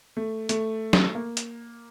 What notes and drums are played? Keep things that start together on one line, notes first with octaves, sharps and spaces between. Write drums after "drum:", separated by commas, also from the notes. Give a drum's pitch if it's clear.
A3
A3, drum: hi-hat
drum: snare
A#3
drum: hi-hat